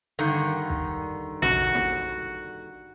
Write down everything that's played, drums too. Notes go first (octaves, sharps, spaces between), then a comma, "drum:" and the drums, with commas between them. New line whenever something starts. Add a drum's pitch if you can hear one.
G2 D3 D#3
drum: kick
F#4, drum: tom A1
drum: snare